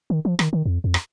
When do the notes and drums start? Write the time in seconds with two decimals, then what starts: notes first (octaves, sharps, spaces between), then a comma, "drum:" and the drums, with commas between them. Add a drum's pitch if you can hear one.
0.10 D#3
0.25 F3
0.39 D#3, drum: rim click
0.53 D#3
0.66 F2
0.84 F2
0.94 drum: rim click